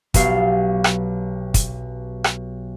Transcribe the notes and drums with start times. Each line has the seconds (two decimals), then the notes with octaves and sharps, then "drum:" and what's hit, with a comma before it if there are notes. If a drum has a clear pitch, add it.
0.14 B1 F#4 G4 F5 C7, drum: kick, hi-hat
0.84 drum: rim click
1.54 drum: kick, hi-hat
2.24 drum: rim click